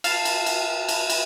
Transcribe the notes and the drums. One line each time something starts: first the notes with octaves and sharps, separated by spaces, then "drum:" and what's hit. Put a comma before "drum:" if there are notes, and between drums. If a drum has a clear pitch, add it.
F5 A5, drum: cymbal
drum: cymbal
drum: cymbal
drum: cymbal
drum: cymbal